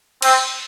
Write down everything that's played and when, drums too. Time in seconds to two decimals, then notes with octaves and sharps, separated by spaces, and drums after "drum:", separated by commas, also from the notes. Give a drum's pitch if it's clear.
0.22 C4, drum: cymbal